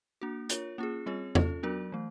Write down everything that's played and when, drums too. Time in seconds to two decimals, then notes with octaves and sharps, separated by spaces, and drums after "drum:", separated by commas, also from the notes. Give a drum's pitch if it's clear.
0.21 A#3 D4 F#4
0.49 D4 F4 A#4 C#5, drum: hi-hat
0.78 A#3 C#4 F4 G#4
1.06 G3 C4 F4 G#4 C#5
1.35 C#4 F4 A4, drum: tom E2
1.63 F#3 B3 D4 F#4 A#4
1.92 E3 A3